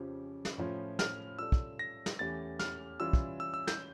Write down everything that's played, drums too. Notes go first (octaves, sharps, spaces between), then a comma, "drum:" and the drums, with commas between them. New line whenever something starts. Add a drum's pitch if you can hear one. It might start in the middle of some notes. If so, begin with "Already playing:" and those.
Already playing: F2 C#3 F3 C#4 G4
drum: snare
A2 F3 C#4 F4 C#5
F6, drum: snare
G3 C#4 F4 A4 D5 E6
drum: kick
A#6
drum: snare
E2 E3 A3 C#4 G4 A6
F6, drum: snare
E3 G3 C#4 F4 E6
drum: kick
E6
E6
G6, drum: snare